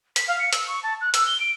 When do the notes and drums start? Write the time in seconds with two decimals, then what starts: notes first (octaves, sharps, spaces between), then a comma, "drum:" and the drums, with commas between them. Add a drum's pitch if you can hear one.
0.16 B6, drum: hi-hat
0.28 F5
0.39 C#7
0.53 E6, drum: hi-hat
0.67 C#6
0.83 A5
1.01 F#6
1.14 E6, drum: hi-hat
1.26 G7
1.40 D7